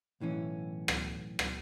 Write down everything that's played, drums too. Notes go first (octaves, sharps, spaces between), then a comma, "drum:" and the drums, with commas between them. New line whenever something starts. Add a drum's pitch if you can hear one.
B1 A2 E3 C#4
drum: rim click
drum: rim click